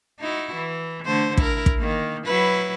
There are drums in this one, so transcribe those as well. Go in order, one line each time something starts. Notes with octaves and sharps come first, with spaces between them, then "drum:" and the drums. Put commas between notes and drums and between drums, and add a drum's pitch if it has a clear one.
D#4 E4 F#4
E3
D3 A3 C5
E4 A#4, drum: kick
drum: kick
D#3 A#3
F#3 E4 B4